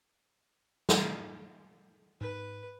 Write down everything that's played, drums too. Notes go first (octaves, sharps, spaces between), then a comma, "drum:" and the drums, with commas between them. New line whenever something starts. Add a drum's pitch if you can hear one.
drum: snare
G#2 B4